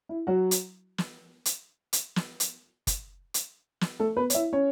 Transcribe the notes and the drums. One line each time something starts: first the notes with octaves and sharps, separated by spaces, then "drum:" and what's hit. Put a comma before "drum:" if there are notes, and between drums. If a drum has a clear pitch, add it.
E4
F#3 F#4
drum: hi-hat
drum: snare
drum: hi-hat
drum: hi-hat
drum: snare
drum: hi-hat
drum: kick, hi-hat
drum: hi-hat
drum: snare
A3 A4
B3 B4
C#5, drum: hi-hat
E4 E5
C#4 C#5